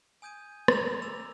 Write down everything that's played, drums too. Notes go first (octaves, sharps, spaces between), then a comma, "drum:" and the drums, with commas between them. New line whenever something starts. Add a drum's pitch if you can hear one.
G#5 D#6 G6 G#6 D#7
A#5 B5 A6 A#6 F7, drum: rim click
A#5 D6 E6 F7